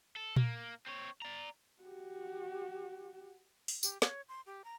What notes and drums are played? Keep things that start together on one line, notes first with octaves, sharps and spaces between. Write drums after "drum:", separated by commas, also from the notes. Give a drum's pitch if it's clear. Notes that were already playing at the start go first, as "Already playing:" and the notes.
A4
A#3, drum: tom A#2
C4 C#5
D5 A#5
F#4 G4
drum: open hi-hat
G4, drum: tambourine
C#5, drum: snare
C6
G4
A#5